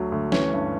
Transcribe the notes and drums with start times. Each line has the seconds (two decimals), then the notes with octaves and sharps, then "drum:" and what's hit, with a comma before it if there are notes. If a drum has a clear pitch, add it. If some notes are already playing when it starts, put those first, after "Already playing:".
Already playing: D2 D3 F#3
0.12 D2
0.32 E3 C#4, drum: snare
0.53 G2